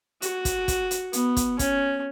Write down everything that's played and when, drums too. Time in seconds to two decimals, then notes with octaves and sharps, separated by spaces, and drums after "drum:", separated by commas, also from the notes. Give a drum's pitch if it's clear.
0.22 F#4, drum: hi-hat
0.45 drum: kick, hi-hat
0.68 drum: kick, hi-hat
0.91 drum: hi-hat
1.13 B3, drum: hi-hat
1.36 drum: kick, hi-hat
1.59 C#4, drum: kick, hi-hat